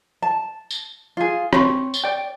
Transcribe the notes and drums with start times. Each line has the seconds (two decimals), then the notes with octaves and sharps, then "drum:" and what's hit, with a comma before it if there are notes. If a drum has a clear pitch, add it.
0.22 A5
0.71 drum: tambourine
1.17 F4 G#4
1.53 C4 C#5, drum: rim click
1.94 drum: tambourine
2.04 D5 G5